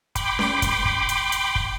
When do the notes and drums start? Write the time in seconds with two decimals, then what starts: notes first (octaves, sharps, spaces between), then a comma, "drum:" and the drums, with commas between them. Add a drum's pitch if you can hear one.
0.15 G5 B5 C6 D6, drum: kick, hi-hat
0.39 drum: snare C#4
0.62 drum: kick, hi-hat
0.85 drum: kick
1.09 drum: hi-hat
1.32 drum: hi-hat
1.55 drum: kick